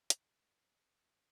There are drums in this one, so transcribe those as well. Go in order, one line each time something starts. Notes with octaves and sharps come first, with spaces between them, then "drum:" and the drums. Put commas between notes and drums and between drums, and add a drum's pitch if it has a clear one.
F5, drum: hi-hat
D#5
D5
G4 C5